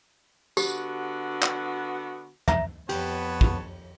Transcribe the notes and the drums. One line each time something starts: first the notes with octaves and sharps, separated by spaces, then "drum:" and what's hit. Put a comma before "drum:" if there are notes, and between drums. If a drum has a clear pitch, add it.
D3 B3 F#4 G4, drum: tambourine
drum: clap
E5 A#5, drum: tom
F2 B3 G4 B4 C#5 A5, drum: cymbal
drum: kick